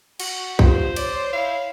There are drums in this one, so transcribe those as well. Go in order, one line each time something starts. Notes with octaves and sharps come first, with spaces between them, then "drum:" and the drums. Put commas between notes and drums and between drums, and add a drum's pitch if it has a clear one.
F#4, drum: cymbal
F4 G4 C5, drum: kick
C#5 D5, drum: cymbal
E4 F5